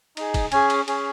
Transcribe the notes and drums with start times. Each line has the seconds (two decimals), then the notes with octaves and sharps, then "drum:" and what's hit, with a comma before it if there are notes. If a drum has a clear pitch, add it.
0.17 D#4 G#4, drum: cymbal
0.34 drum: kick, cymbal
0.52 C#4 G#4 G#5, drum: cymbal
0.70 drum: cymbal
0.88 C#4 G#4, drum: cymbal